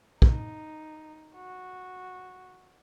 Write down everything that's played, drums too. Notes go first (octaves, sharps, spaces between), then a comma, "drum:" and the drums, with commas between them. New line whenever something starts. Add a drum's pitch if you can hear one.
D#4, drum: kick
F#4